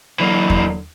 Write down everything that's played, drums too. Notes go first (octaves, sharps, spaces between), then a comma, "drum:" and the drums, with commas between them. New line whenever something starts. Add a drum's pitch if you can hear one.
D3 E3 F#3 A#3
drum: kick E2